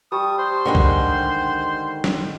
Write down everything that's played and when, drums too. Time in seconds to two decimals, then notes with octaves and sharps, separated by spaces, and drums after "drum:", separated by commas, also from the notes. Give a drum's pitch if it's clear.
0.12 G3 A5 C#6 D#6
0.39 C5
0.65 D3 D#3 G#3
0.75 drum: kick
2.04 drum: snare